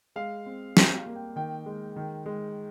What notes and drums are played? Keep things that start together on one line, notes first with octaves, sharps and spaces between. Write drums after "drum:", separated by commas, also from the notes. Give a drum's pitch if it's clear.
G#3 F5
C4
G3 G5, drum: snare
F5
A#3
G5
D#3 G5
G#3
D#3
G#3